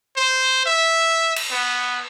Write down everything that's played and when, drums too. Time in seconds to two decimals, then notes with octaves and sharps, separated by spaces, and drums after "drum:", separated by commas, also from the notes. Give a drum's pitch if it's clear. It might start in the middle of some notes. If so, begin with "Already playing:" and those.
0.17 C5
0.66 E5
1.36 drum: cymbal
1.51 B3